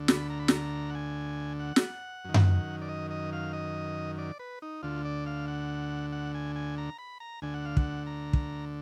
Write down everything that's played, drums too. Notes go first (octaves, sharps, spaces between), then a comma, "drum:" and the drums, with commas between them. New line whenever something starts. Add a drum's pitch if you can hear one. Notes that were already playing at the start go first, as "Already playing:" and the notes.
Already playing: D2 D3
B5, drum: snare
A#5
B5
A#5, drum: snare
F#5
G#5
F#5
drum: snare
F#2 D#3
drum: tom F#2
D5
D#5
D#5
F5
D#5
D5
B4
D#4
D2 D3 F4
D5
F5
F#5
F#5
G#5
G#5
A#5
B5
A#5
D2 D3 G#5
F#5
F5
F#5, drum: kick
A#5
drum: kick